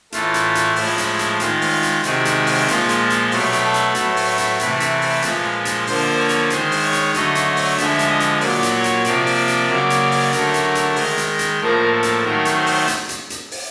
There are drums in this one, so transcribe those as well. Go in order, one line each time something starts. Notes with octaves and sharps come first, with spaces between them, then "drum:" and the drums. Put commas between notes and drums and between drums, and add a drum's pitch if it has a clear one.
A2 E3 A3 F4, drum: hi-hat
drum: hi-hat
drum: hi-hat
A2 F3 G#3 E4, drum: open hi-hat
drum: hi-hat
drum: hi-hat
D#3 G#3 F4, drum: hi-hat
drum: open hi-hat
drum: hi-hat
C3 D#3 G#3 F#4, drum: hi-hat
drum: hi-hat
drum: open hi-hat
A#2 F3 G#3 F4, drum: hi-hat
drum: hi-hat
drum: hi-hat
B2 F#3 A3 G4, drum: open hi-hat
drum: hi-hat
A4
drum: hi-hat
A2 F#3 A3 B4, drum: hi-hat
drum: open hi-hat
drum: hi-hat
C3 E3 A3, drum: hi-hat
drum: hi-hat
drum: open hi-hat
A#2 F3 G#3, drum: hi-hat
drum: hi-hat
D3 F3 A#3 C5, drum: open hi-hat
C#5
drum: hi-hat
D#3 G#3 C5, drum: hi-hat
drum: open hi-hat
C#5
drum: hi-hat
D3 F#3 A3 D#5, drum: hi-hat
drum: hi-hat
drum: open hi-hat
D3 F3 G#3 E5, drum: hi-hat
drum: hi-hat
D#5
drum: hi-hat
A#2 F#3 A#3 D5, drum: open hi-hat
drum: hi-hat
C#5
drum: hi-hat
C3 F3 A#3 D5, drum: hi-hat
drum: open hi-hat
drum: hi-hat
C#3 F#3 A#3 D5
drum: hi-hat
drum: open hi-hat
D3 F#3 A3 A#4, drum: hi-hat
drum: hi-hat
drum: hi-hat
D#3 G#3, drum: open hi-hat
drum: hi-hat
drum: hi-hat
A2 F3 A#3 A#4
A4
drum: hi-hat
D#3 F#3 A3 A#4
drum: hi-hat
C5
drum: open hi-hat
drum: hi-hat
drum: hi-hat
drum: hi-hat
drum: open hi-hat